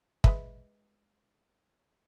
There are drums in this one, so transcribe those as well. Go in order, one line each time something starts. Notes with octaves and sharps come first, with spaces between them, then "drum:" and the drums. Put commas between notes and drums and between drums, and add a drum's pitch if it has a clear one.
G#3 B4 E5, drum: kick